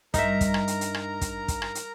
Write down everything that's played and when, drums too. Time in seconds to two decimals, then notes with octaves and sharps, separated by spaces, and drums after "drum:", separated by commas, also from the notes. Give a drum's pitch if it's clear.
0.14 G2 D#4 A#4 E5 A#5, drum: kick, hi-hat
0.41 drum: kick, hi-hat
0.54 drum: rim click
0.68 drum: hi-hat
0.81 drum: hi-hat
0.94 drum: rim click
1.21 drum: kick, hi-hat
1.48 drum: kick, hi-hat
1.62 drum: rim click
1.75 drum: hi-hat